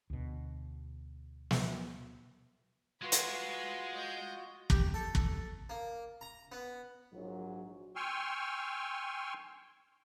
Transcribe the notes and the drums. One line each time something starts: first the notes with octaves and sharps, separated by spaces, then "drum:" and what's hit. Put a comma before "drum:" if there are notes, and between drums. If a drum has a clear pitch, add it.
D2 B2
drum: snare
G#3 F4 F#4 B4 C6
drum: hi-hat
D#5 G6
G4, drum: kick
A4
drum: kick
A#3
A#5
B3
A#1 G#2 F#3
G5 G#5 C6 C#6 E6 F6